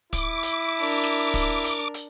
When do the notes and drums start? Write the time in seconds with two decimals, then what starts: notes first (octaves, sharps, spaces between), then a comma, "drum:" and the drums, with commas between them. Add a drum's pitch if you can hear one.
0.13 E4 D6, drum: kick, hi-hat
0.43 drum: hi-hat
0.80 D4 A#4
1.04 drum: snare
1.34 drum: kick, hi-hat
1.64 drum: hi-hat
1.94 drum: hi-hat